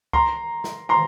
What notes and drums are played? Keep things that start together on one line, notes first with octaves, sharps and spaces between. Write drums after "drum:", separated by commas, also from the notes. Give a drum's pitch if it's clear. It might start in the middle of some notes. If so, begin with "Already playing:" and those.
A#5 C6, drum: kick C2
drum: snare
A#5 C6